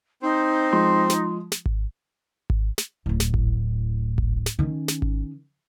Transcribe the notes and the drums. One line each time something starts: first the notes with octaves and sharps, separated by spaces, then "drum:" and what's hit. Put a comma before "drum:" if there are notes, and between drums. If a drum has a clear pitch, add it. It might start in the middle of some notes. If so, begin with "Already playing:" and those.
C4 D#4 C5
F3 G#3 C6
drum: snare
drum: snare
drum: kick G#1
drum: kick G#1
drum: snare
D1 A2
drum: snare
drum: kick G#1
drum: kick G#1
drum: snare
D#3 C#4
drum: snare
drum: kick G#1